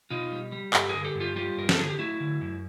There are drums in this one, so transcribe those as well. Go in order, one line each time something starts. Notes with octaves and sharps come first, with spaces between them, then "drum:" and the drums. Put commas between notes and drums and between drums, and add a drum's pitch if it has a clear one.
B2 D#4 F4
G3
G3
G2 G4 A4, drum: clap
D3 G#4 A#4
G4 A4
G2
F4 G4
G3 F4 G4
G2 A#4
A4, drum: snare
D3 G#4
G4
A3 E4 F#4
D3
F#2